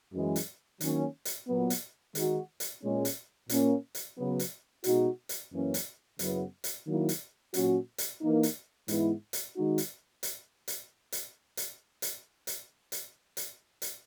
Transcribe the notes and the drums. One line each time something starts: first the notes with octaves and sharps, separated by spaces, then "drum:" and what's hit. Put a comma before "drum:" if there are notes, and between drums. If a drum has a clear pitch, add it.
F#2 E3 G#3
drum: hi-hat
D#3 F#3 A#3 C#4, drum: hi-hat
drum: hi-hat
A#2 F#3 B3
drum: hi-hat
D#3 G#3 D#4 F#4, drum: hi-hat
drum: hi-hat
A#2 G#3 C#4
drum: hi-hat
A#2 A#3 C#4, drum: hi-hat
drum: hi-hat
C#3 F#3 B3
drum: hi-hat
B2 G#3 D#4 F#4, drum: hi-hat
drum: hi-hat
F#2 E3 A#3 C#4
drum: hi-hat
F#2 C#3 F#3 B3 E4, drum: hi-hat
drum: hi-hat
D#3 F#3 A#3 E4
drum: hi-hat
A#2 F#3 C#4 F#4, drum: hi-hat
drum: hi-hat
E3 A#3 D#4
drum: hi-hat
G#2 E3 G#3 B3 E4, drum: hi-hat
drum: hi-hat
D#3 G#3 D#4 F#4
drum: hi-hat
drum: hi-hat
drum: hi-hat
drum: hi-hat
drum: hi-hat
drum: hi-hat
drum: hi-hat
drum: hi-hat
drum: hi-hat
drum: hi-hat